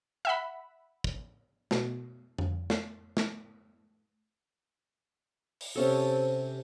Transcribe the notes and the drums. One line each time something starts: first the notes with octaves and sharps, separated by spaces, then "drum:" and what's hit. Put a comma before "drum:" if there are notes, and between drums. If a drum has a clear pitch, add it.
E5 F#5 B5
drum: kick
B2, drum: snare
drum: tom F2
drum: snare
drum: snare
drum: open hi-hat
C3 C#4 A4